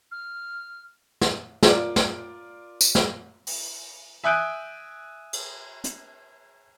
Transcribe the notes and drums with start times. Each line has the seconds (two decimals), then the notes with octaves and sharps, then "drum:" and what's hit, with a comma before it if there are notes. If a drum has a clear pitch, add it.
0.12 F6
1.21 drum: snare
1.63 F4 A#4 D5, drum: snare
1.96 drum: snare
2.81 drum: tambourine
2.95 drum: snare
3.47 drum: open hi-hat
4.24 E5 G#5 D#6 F#6 G6 D7
5.33 drum: cymbal
5.84 drum: hi-hat